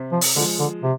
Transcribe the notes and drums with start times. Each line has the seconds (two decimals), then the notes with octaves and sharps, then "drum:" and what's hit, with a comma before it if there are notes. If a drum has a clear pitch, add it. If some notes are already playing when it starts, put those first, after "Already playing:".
Already playing: C3
0.12 F3
0.21 drum: open hi-hat
0.36 D3 F3 G#3
0.59 D3
0.83 C3